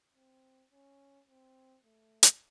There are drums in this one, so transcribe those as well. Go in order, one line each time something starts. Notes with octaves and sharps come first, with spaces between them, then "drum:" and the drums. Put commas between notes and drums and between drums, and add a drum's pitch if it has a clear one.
C4
C#4
C4
A3
drum: hi-hat